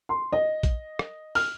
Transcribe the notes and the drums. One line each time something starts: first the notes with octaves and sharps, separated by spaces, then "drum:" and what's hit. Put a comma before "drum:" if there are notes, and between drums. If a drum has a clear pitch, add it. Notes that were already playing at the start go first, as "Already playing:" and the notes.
C6
D#5
drum: kick, hi-hat
drum: rim click
F6, drum: open hi-hat